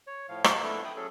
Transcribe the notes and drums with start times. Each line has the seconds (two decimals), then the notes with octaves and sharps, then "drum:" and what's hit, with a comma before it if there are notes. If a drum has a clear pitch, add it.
0.07 C#5
0.29 A2 F3 F5
0.44 A#4 C5 F5 F#5 A5, drum: rim click
0.63 F3 A3 B3 D4 E4 A4
0.84 G5 B5 D#6
0.96 F#3 C#4 G#4 A4